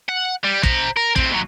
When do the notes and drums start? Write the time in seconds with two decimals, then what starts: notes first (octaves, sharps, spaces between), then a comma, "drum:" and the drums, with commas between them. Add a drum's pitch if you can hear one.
0.09 F#5
0.44 G3
0.63 C5 A#5, drum: kick
0.97 A#4
1.16 A2 C4, drum: kick
1.30 D#2 F#3